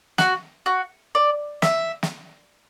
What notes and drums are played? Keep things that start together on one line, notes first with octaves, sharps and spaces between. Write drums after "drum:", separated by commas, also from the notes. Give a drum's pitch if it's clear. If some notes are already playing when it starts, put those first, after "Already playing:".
F#4, drum: snare
F#4
D5
E5, drum: snare
drum: snare